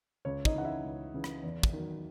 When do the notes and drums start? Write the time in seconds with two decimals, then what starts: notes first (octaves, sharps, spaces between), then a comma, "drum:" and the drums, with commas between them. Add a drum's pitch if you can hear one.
0.25 C#2 C#5
0.45 D#4 D#5, drum: kick
0.55 C#3 E3 F#5
0.65 E4 E5
0.84 C#2
1.14 C#3 E3
1.24 drum: rim click
1.43 E2
1.63 drum: kick
1.73 D#3 F#3